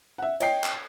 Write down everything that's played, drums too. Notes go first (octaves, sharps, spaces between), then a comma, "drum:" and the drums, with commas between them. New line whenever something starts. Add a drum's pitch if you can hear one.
E5 F#5
C#5 D#5 G5 C7, drum: cymbal
drum: clap